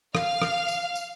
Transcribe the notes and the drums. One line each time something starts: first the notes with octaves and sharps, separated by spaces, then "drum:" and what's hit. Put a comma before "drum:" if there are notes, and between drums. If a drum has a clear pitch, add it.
F5 F6, drum: rim click
drum: rim click
drum: tambourine
drum: tambourine